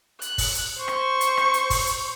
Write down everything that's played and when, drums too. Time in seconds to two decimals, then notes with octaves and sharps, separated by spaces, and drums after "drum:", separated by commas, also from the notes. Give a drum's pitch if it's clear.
0.22 F#6, drum: hi-hat
0.38 drum: kick, open hi-hat
0.55 drum: hi-hat
0.78 C5 C#6
0.88 drum: rim click
1.21 drum: hi-hat
1.37 drum: rim click
1.54 drum: hi-hat
1.70 drum: kick, open hi-hat
1.87 drum: hi-hat